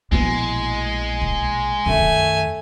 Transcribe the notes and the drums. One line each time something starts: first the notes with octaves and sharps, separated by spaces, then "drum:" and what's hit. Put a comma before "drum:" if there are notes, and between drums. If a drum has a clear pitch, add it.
A#1 B2 G#3 A#3 E4
drum: kick
F#2 D#3 A3 G#5
drum: kick